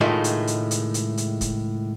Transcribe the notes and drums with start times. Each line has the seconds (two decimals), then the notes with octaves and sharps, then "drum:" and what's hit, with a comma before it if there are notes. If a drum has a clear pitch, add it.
0.01 C#2 A2 D#3 G#3 A3 F4
0.24 drum: hi-hat
0.47 drum: hi-hat
0.71 drum: hi-hat
0.94 drum: hi-hat
1.17 drum: hi-hat
1.41 drum: kick, hi-hat